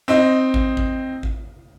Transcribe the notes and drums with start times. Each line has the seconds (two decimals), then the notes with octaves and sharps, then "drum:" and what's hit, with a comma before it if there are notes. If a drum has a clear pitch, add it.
0.08 C4 D#4 D#5
0.54 drum: kick G#1
0.77 drum: kick G#1
1.23 drum: kick G#1